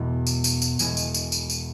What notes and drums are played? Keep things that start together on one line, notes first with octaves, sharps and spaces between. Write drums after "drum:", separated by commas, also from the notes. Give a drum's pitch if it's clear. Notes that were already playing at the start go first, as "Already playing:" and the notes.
Already playing: E1 E2 B2 G#3 B3
drum: tambourine
drum: tambourine
drum: tambourine
E1 E2 B2 G#3 G#4, drum: tambourine
drum: tambourine
drum: tambourine
drum: tambourine
drum: tambourine